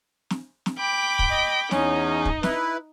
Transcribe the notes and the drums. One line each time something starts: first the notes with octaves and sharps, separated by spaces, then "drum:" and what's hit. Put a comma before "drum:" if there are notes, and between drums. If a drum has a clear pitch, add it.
drum: snare
drum: snare
G5 B5 D6
drum: kick
D#5
E2 C#4 D#4, drum: snare
drum: kick
E4 B4, drum: snare